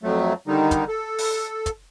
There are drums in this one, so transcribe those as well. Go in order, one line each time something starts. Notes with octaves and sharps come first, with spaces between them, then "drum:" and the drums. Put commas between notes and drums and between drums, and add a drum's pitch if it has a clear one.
F2 F#3 A3
D3 D#3 G3 D#4
drum: kick, hi-hat
A4
drum: open hi-hat
drum: kick, hi-hat